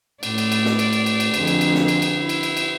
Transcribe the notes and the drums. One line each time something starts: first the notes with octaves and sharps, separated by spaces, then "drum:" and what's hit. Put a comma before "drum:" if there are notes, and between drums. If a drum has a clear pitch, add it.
A2 D5, drum: cymbal
drum: cymbal
drum: cymbal
drum: snare
drum: cymbal
drum: cymbal
drum: cymbal
drum: cymbal
F2 D3 G#4, drum: cymbal
drum: cymbal
drum: cymbal
drum: snare
drum: cymbal
drum: cymbal
E4
drum: cymbal
drum: cymbal
drum: cymbal